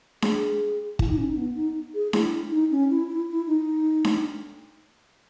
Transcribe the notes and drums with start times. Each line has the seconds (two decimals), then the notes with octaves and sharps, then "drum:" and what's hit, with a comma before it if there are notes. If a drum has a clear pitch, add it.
0.22 G#4, drum: snare D4
0.99 E4, drum: kick
1.08 D#4
1.18 C#4
1.27 D#4
1.37 B3
1.56 D#4
1.94 G#4
2.13 E4, drum: snare D4
2.51 D#4
2.71 C#4
2.90 E4
3.08 E4
3.28 E4
3.47 D#4
4.05 drum: snare D4